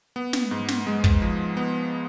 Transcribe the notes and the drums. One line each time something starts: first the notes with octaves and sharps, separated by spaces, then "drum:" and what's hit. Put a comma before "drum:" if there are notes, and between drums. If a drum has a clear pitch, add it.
B3
drum: snare
G#2
drum: snare
G#3
drum: kick
F3
B3